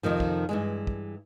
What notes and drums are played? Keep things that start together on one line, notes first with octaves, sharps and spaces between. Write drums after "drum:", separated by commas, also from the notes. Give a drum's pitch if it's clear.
F2 C3 D#3 F3
drum: kick
G2 E3 G#3
drum: kick